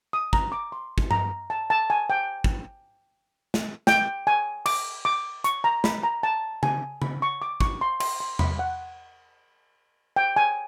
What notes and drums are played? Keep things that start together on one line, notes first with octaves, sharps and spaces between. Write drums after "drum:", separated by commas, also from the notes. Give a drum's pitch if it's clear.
D#6
A#5, drum: kick
D6
C6
drum: kick
A#5, drum: tom G2
A5
A5
G#5
G5
drum: kick
drum: snare
G5, drum: snare
G#5
D6, drum: cymbal
D6
C#6, drum: hi-hat
A#5
B5, drum: snare
A#5
A5
G#5, drum: tom C#3
B5, drum: tom C#3
C#6
D6
C#6, drum: kick
C6
C6, drum: cymbal
C6
B5, drum: tom E2
F#5
G5
G#5